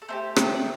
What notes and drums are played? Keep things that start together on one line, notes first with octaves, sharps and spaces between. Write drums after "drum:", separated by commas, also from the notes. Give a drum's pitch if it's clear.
A4
A3 D4 G4 C5
A4, drum: rim click
D5